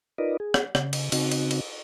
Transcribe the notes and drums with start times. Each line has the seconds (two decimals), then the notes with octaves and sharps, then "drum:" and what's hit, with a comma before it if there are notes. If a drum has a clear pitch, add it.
0.18 D#4 F4 A#4 B4 D5 D#5
0.40 G#4
0.54 drum: rim click
0.75 C#3, drum: rim click
0.93 drum: cymbal
1.12 C#3 C4 D#4 F#4, drum: cymbal
1.31 drum: cymbal
1.51 drum: cymbal